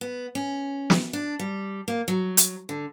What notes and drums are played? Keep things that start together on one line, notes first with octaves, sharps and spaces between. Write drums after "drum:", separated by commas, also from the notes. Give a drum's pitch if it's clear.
B3
C#4
drum: snare
D4
G3
A#3
F#3
drum: hi-hat
D3